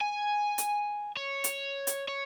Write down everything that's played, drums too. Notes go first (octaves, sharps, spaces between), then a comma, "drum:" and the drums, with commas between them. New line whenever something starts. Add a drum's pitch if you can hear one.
G#5
drum: hi-hat
C#5
drum: hi-hat
drum: hi-hat
C#5